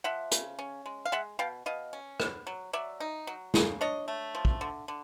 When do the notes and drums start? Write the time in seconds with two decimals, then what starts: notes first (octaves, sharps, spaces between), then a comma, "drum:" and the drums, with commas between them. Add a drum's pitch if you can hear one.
0.04 F3 E5 F#5
0.31 C#3, drum: hi-hat
0.59 C#4
0.86 G#3
1.05 F5
1.12 G#3 E5 F#5
1.39 B2 F5 G5
1.66 B2 D#5 F5
1.93 C#4
2.20 B3, drum: rim click
2.47 F#3
2.73 F#3 D5 E5
3.00 D#4
3.27 F#3
3.54 C#3, drum: snare
3.81 D4 C#5 D#5
4.08 A3
4.35 F3
4.45 drum: kick
4.61 D3
4.88 D3